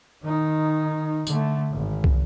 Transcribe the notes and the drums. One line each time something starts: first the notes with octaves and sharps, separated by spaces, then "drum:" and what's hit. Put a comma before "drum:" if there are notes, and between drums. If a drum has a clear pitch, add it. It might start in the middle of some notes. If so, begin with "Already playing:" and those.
D#3 D#4
D3 A3, drum: tambourine
G#1
drum: kick